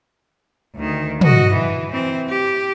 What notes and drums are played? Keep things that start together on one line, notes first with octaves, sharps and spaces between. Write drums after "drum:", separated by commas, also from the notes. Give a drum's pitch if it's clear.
D2 D#3
F#4 D#5, drum: tom
E3
E3 C4
G4